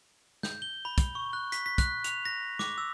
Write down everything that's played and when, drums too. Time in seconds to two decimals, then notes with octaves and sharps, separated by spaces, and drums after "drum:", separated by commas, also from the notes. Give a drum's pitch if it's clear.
0.43 G6, drum: snare
0.62 G7
0.85 B5
0.98 drum: kick, hi-hat
1.15 C#6
1.33 F#6
1.52 B6, drum: hi-hat
1.66 B6
1.78 F#6, drum: kick, hi-hat
2.04 F7, drum: hi-hat
2.25 A#6
2.59 D6, drum: snare
2.78 E6